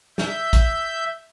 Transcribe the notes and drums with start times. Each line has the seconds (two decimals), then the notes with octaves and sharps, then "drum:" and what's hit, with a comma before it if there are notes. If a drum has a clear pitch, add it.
0.18 E5 G6, drum: snare
0.53 drum: kick, hi-hat